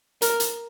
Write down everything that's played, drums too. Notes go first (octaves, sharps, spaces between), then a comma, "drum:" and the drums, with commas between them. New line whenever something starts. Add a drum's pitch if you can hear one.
A#4, drum: hi-hat
drum: hi-hat